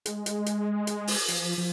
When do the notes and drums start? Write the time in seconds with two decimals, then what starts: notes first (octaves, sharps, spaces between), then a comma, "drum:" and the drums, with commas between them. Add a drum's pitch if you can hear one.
0.06 G#3, drum: hi-hat
0.26 drum: hi-hat
0.46 drum: hi-hat
0.87 drum: hi-hat
1.07 drum: open hi-hat
1.28 F3, drum: hi-hat
1.58 F3